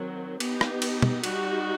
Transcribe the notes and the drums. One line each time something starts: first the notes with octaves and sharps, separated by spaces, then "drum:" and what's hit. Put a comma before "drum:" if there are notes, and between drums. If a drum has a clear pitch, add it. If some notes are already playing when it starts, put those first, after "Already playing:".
Already playing: D#3 F#3 C4
B3 D#4 G4, drum: cymbal
drum: rim click
drum: cymbal
drum: tom
G3 D#4 F#4, drum: cymbal